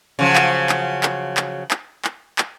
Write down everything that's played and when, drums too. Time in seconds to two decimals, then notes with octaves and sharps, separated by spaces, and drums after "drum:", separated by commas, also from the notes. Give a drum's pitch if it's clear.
0.19 C#3 F3 F#3
0.36 drum: clap
0.69 drum: clap
1.03 drum: clap
1.37 drum: clap
1.71 drum: clap
2.05 drum: clap
2.38 drum: clap